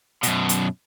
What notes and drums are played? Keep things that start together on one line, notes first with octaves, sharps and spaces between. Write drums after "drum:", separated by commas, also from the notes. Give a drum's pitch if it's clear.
F#2 B2, drum: hi-hat
drum: hi-hat